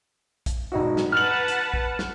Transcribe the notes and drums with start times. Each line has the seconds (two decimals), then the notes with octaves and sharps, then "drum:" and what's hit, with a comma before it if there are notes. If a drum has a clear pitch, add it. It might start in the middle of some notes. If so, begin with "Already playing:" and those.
0.46 drum: kick A#1, hi-hat
0.72 E1 D#4 F#4
0.97 drum: snare
1.12 B4 F#5 A5 F6 F#7
1.48 drum: hi-hat
1.74 drum: kick A#1
1.99 drum: snare